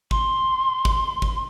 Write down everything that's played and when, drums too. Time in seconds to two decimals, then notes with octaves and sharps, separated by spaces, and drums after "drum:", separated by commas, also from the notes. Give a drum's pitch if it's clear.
0.11 C6, drum: kick
0.85 drum: kick
1.22 drum: kick